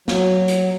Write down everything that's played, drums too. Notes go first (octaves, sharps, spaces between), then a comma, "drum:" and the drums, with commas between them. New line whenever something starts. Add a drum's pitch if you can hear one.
F#3, drum: snare
drum: hi-hat